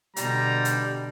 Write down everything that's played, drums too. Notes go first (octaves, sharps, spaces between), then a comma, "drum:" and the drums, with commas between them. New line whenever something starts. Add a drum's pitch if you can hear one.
B2 D3 G3 A#5, drum: hi-hat
drum: hi-hat